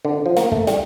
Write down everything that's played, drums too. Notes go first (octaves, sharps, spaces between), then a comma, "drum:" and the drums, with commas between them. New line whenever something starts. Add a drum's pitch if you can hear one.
D3
F3
A#3, drum: snare
A3, drum: kick
G3, drum: snare